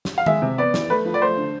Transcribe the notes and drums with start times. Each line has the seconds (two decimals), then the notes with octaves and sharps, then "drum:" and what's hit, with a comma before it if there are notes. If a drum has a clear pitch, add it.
0.05 drum: snare
0.18 F5
0.26 G#3 E5, drum: tom D#3
0.42 C3
0.58 B3 D5
0.74 E3, drum: snare
0.90 A3 B4
1.06 F3
1.14 D5
1.22 A3 C5
1.37 D3